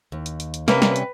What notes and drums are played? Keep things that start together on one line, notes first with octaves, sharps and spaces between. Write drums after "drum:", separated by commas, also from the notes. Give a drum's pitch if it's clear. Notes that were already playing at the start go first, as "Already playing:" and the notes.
D#2
drum: hi-hat
drum: hi-hat
drum: hi-hat
C3 G3 A#3 C#4 B4, drum: snare
drum: snare
drum: hi-hat